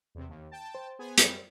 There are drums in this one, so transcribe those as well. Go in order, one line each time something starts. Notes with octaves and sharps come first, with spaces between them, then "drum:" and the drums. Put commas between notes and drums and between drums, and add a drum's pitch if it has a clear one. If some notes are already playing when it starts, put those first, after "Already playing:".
E2 C3
D#2
G5 A5
C5
B3 G#4 G#5
F#2 G3, drum: hi-hat